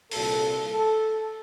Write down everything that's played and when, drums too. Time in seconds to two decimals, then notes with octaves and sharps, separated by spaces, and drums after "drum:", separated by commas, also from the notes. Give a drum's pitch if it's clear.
0.11 C2 A#2 A4, drum: open hi-hat
0.71 A4